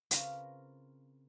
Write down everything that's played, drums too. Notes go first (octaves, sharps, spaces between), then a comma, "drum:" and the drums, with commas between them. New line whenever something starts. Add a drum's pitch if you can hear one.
C#3 C4 F4 A#4 B4 A#5, drum: hi-hat